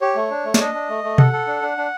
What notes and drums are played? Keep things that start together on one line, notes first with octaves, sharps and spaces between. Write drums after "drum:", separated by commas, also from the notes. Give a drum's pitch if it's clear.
G4 C#5
A3
D4
A3
D5, drum: snare
D4 D#5
D4
A3
A3
A4 F#5, drum: tom B2
A4
D4
D4
D4